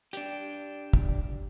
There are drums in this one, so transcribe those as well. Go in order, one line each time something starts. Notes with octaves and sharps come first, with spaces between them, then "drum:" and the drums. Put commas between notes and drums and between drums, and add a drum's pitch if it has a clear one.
D4 G4, drum: hi-hat
drum: kick